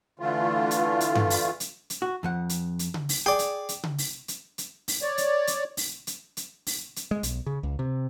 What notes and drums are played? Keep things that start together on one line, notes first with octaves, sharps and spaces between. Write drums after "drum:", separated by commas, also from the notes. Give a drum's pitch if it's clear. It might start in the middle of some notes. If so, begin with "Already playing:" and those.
D3 E3 A3 F4
drum: hi-hat
drum: hi-hat
drum: tom G2
drum: open hi-hat
drum: hi-hat
drum: hi-hat
F#4
F2 F3 F#5
drum: hi-hat
drum: hi-hat
drum: tom C#3
drum: open hi-hat
G#4 D5 G5
drum: hi-hat
drum: hi-hat
drum: tom C#3
drum: open hi-hat
drum: hi-hat
drum: hi-hat
drum: open hi-hat
C#5 D5
drum: hi-hat
drum: hi-hat
drum: open hi-hat
drum: hi-hat
drum: hi-hat
drum: open hi-hat
drum: hi-hat
G#3
B1, drum: hi-hat
C#3
C#2
C3